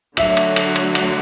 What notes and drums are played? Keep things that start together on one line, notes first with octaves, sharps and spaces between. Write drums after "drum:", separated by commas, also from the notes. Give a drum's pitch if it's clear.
D3 F#3 A3 E5, drum: cymbal
drum: cymbal
drum: cymbal
drum: cymbal
drum: cymbal